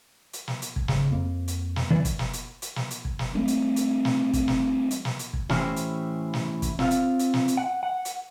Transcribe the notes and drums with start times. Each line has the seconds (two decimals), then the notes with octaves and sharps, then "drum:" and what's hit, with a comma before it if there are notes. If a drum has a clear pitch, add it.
0.33 drum: hi-hat
0.48 drum: snare
0.62 drum: hi-hat
0.76 drum: kick
0.88 G#2 C#3, drum: snare
1.11 F2 A#3
1.48 drum: hi-hat
1.76 drum: snare
1.90 E3 D5
2.05 drum: kick, hi-hat
2.19 drum: snare
2.33 drum: hi-hat
2.62 drum: hi-hat
2.76 drum: snare
2.91 drum: hi-hat
3.05 drum: kick
3.19 drum: snare
3.35 G3 A3 A#3 C4
3.48 drum: hi-hat
3.76 drum: hi-hat
4.05 drum: snare
4.33 drum: kick, hi-hat
4.48 drum: snare
4.91 drum: hi-hat
5.05 drum: snare
5.19 drum: hi-hat
5.33 drum: kick
5.49 A2 E3 C#4 E4 G4 C5, drum: snare
5.76 drum: hi-hat
6.34 drum: snare
6.62 drum: kick, hi-hat
6.79 C4 F4 F5, drum: snare
6.91 drum: hi-hat
7.19 drum: hi-hat
7.34 drum: snare
7.48 drum: hi-hat
7.57 F#5
7.83 F#5
8.05 drum: hi-hat